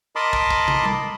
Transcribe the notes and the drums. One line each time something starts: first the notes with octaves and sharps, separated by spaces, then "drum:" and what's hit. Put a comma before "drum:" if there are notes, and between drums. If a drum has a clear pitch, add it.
A#4 D#5 A5 B5 C6 D6
drum: kick
drum: kick
drum: tom
drum: tom G3